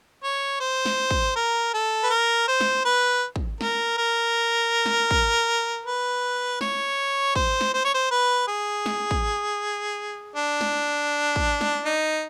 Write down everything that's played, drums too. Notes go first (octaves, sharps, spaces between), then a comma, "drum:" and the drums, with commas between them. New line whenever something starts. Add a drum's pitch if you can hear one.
C#5
C5
drum: snare
drum: kick
A#4
A4
B4
A#4
C5
drum: snare
B4
drum: kick
A#4, drum: snare
A#4
drum: snare
drum: kick
B4
C#5, drum: snare
C5, drum: kick
drum: snare
C5
C#5
C5
B4
G#4
drum: snare
drum: kick
D4
drum: snare
drum: kick
drum: snare
D#4